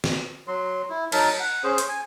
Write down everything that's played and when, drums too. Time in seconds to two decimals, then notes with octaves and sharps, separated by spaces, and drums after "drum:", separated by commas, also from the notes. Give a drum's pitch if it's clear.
0.04 drum: snare
0.48 F#3 C6
0.90 E4
1.12 F#3 D#4 A#4 A5, drum: cymbal
1.40 F#5
1.64 C#4 G#4 C5
1.78 drum: hi-hat
1.89 G#5